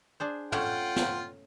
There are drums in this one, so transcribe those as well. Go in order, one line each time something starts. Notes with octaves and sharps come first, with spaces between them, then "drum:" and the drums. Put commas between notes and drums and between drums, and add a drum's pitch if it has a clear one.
D4 G#4 C5
A3 C#4 F4 C#5 F#5 G5, drum: tom
drum: snare